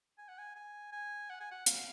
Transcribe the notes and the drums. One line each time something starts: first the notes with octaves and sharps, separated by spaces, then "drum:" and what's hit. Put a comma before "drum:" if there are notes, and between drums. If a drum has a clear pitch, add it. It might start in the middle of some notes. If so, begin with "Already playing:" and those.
G#5
F#5
G#5
G#5
G#5
F#5
G#5
F#5
F5, drum: hi-hat